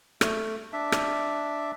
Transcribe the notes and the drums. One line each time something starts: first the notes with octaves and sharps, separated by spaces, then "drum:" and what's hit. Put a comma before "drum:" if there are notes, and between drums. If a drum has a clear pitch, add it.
A3, drum: rim click
D4 E5
drum: rim click